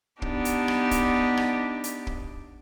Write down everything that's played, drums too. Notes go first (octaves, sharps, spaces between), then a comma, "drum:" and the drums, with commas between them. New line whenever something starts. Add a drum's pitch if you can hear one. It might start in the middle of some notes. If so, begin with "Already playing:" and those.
B3 D4 D#4 G4, drum: kick
drum: hi-hat
drum: rim click
drum: kick, hi-hat
drum: rim click
drum: hi-hat
drum: kick